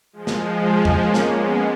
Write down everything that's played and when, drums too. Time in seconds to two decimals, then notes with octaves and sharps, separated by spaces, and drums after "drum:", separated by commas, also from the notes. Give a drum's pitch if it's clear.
0.13 F3 G#3
0.27 drum: snare
0.85 drum: tom E2
1.00 A#3 C#4
1.14 drum: snare
1.29 G#3 B3